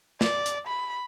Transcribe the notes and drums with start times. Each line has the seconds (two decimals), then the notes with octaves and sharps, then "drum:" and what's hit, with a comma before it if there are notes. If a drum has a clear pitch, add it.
0.21 D5, drum: snare
0.46 drum: hi-hat
0.67 B5